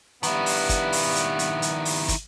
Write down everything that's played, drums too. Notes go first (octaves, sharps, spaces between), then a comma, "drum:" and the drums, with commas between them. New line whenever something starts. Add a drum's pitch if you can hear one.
G2 D#3 B3 E4, drum: hi-hat
drum: open hi-hat
drum: kick, hi-hat
drum: open hi-hat
drum: hi-hat
drum: hi-hat
drum: hi-hat
drum: open hi-hat
drum: kick, hi-hat